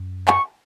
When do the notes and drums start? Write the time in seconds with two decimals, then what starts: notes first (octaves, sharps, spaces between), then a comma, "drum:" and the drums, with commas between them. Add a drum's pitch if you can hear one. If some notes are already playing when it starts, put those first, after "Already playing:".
Already playing: F#2
0.28 C#6, drum: clap